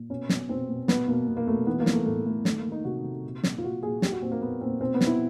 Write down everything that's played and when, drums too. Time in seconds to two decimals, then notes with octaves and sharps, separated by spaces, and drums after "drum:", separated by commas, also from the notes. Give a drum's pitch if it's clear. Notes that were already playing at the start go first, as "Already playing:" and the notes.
Already playing: A#2
0.10 B2 C#4
0.29 B2, drum: snare
0.49 B2 C4
0.69 B2
0.88 B2 B3, drum: snare
1.08 B2 A#3
1.28 B2
1.37 A#3
1.47 B2 A3
1.67 E3 B3
1.80 A#3
1.86 E3, drum: snare
1.93 A3
2.06 A2 A3
2.26 A2 A3
2.45 D#3 A3, drum: snare
2.58 A#3
2.65 D#3
2.72 D#4
2.84 C3 F#4
3.04 C3
3.24 A#2
3.43 A#2, drum: snare
3.58 F4
3.63 A#2 F#4
3.83 A#2 G#4
4.02 A#2 G4, drum: snare
4.12 F#4
4.22 A#2 C4
4.32 A#3
4.41 A#2 B3
4.61 A#2 C4
4.81 B2 C4
4.94 B3
5.01 B2, drum: snare
5.07 E4